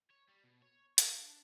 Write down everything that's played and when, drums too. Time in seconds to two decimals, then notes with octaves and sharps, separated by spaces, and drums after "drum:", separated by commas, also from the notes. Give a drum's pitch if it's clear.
0.10 C#5
0.29 G3
0.44 B2
0.62 C#5
0.98 F4, drum: hi-hat
1.13 D4